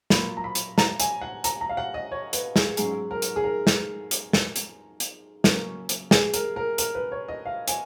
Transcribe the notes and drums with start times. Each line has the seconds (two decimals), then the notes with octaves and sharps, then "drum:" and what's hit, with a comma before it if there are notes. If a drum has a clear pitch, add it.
0.10 A#2 F#3 A#3 F4 B5, drum: snare
0.37 A#5
0.44 B5
0.55 drum: hi-hat
0.78 A#5, drum: snare
1.00 G#5, drum: hi-hat
1.21 F#5
1.44 A#5, drum: hi-hat
1.61 A#5
1.69 F5
1.77 F#5
1.94 D#5
2.11 C#5
2.33 B4, drum: hi-hat
2.56 G#4, drum: snare
2.77 G#2 F#3 C#4 G#4, drum: hi-hat
3.11 A#4
3.22 drum: hi-hat
3.36 G#4
3.44 A#4
3.67 drum: snare
4.11 drum: hi-hat
4.33 drum: snare
4.56 drum: hi-hat
5.00 drum: hi-hat
5.44 C#3 F#3 A#3 C#4, drum: snare
5.89 drum: hi-hat
6.11 G#4, drum: snare
6.34 A#4, drum: hi-hat
6.56 A#4
6.78 A#4, drum: hi-hat
6.95 B4
7.12 C#5
7.28 D#5
7.45 F5
7.68 G#5, drum: hi-hat